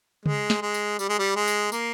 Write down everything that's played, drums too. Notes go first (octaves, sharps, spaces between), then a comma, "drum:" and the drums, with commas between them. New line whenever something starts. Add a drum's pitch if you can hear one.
G#3, drum: tom C#3
drum: snare
G#3
drum: tambourine
G3, drum: tambourine
G#3
G3
G#3
drum: tambourine
A#3, drum: tambourine